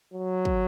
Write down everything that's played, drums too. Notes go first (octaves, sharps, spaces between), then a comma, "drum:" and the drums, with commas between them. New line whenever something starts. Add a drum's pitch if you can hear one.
F#3
drum: kick